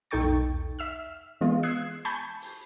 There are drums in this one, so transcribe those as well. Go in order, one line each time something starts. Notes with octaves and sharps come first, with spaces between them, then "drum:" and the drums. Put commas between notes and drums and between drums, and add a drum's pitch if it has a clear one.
B1 D#4 A4 G5 C#6 A6
drum: tom E2
E5 E6 F6
E3 G#3 B3 F4
D#6 E6 F#6 G#6 C7
G#5 A5 B5 C#6 G6 G#6
drum: open hi-hat